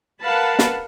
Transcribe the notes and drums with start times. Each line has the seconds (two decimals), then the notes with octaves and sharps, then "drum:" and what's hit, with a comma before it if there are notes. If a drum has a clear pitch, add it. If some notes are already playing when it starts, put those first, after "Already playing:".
0.22 A#4 B4 F5 F#5 A5 B5
0.59 drum: snare